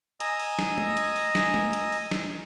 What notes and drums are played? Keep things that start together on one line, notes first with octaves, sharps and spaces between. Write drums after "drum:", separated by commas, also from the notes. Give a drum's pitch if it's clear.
D#5 G#5 A#5 D#6 E6, drum: hi-hat
drum: open hi-hat
drum: snare
drum: tom G#3
drum: hi-hat
drum: open hi-hat
drum: snare
drum: tom G#3
drum: hi-hat
drum: open hi-hat
drum: snare